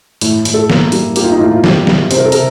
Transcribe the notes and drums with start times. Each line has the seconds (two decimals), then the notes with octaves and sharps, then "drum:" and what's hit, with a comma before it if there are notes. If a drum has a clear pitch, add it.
0.21 A2, drum: hi-hat
0.45 A2, drum: hi-hat
0.54 A4
0.70 A#3, drum: snare
0.92 G3, drum: hi-hat
1.16 A#3 G4, drum: hi-hat
1.24 F4
1.32 D#4
1.38 A2 F4
1.51 F4
1.64 G3 G4, drum: snare
1.87 G3, drum: snare
2.11 C3 C5, drum: hi-hat
2.18 A#4
2.26 A4
2.32 C3 A#4, drum: hi-hat